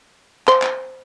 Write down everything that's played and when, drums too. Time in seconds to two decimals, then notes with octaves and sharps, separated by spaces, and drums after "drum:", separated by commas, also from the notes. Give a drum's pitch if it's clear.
0.48 C5, drum: clap
0.62 drum: clap